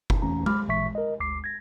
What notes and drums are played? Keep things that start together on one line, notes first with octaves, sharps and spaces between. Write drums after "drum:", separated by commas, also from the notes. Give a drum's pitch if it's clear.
drum: kick F#1
G1 E2 E3 A3 C#4 A#5
B5 D6 F6, drum: tom G#3
A1 A#2 E3 E5 C#6 B6
A#4 D#5
G1 D2 D6 C7
G#6 A#6